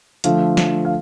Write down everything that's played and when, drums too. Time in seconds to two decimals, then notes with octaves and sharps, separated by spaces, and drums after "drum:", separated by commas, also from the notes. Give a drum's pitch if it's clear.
0.24 D3 F3 A3 F5, drum: hi-hat
0.57 drum: snare
0.85 F5